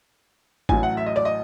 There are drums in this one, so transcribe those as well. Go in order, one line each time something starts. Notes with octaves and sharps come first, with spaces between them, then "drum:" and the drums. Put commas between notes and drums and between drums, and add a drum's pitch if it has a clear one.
A1 A2 F#3 G#5, drum: kick G#1
F#5
E5
D#5
D5
D#5